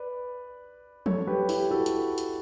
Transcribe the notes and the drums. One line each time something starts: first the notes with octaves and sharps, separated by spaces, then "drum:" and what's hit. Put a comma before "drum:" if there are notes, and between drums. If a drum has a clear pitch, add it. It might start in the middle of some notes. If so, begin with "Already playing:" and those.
Already playing: B4 D5
A4 C#5, drum: tom E3
G4 B4
E4 G4, drum: open hi-hat
F#4 A4
drum: hi-hat
drum: hi-hat